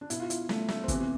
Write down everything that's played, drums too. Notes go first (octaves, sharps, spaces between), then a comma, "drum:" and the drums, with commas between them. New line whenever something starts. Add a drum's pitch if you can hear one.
D4
B2 E4, drum: hi-hat
F4
E4, drum: hi-hat
A3, drum: snare
A3, drum: snare
C4
C3 E3 B3, drum: kick, hi-hat